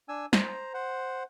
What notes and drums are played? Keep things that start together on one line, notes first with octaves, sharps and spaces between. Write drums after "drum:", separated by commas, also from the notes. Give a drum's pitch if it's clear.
D4 G#5 E6
C5 A#5, drum: snare
C5 F#5